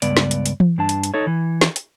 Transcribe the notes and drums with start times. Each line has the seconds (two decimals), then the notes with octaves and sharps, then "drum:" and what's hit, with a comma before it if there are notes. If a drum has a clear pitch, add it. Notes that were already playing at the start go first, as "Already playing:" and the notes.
0.02 C#2 G2 B3 D5, drum: hi-hat
0.17 drum: snare
0.31 drum: hi-hat
0.46 drum: hi-hat
0.60 drum: tom E3
0.78 G2 D4 A5
0.89 drum: hi-hat
1.03 drum: hi-hat
1.14 D#4 A4 C#5
1.27 E3
1.61 drum: snare
1.76 drum: hi-hat